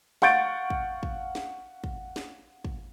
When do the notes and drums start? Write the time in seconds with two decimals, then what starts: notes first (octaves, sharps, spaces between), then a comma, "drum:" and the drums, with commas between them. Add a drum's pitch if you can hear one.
0.22 F5 F#5 C#6 G6 A6 D7, drum: snare
0.70 drum: kick
1.03 drum: kick
1.35 drum: snare
1.84 drum: kick
2.16 drum: snare
2.65 drum: kick